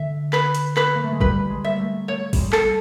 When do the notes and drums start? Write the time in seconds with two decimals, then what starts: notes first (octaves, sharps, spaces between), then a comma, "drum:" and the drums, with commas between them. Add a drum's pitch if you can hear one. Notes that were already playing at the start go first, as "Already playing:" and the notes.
Already playing: D3 E5
0.33 B4, drum: clap
0.55 drum: hi-hat
0.77 B4, drum: clap
0.95 A#3
1.03 A3
1.12 G#3
1.20 G3 B4, drum: kick
1.50 G#3
1.64 A#3 E5
1.79 A3
2.08 A3 C#5
2.33 G3 G#3, drum: kick, open hi-hat
2.52 A4, drum: clap